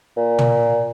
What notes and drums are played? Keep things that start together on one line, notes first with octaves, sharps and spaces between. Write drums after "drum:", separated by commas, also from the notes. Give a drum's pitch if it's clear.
A#2
drum: tom